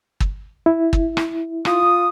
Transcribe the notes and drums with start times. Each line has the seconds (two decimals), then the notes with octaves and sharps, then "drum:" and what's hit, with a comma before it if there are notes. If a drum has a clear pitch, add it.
0.20 drum: kick
0.66 E4
0.93 drum: kick
1.17 drum: rim click
1.65 F4 D#6, drum: rim click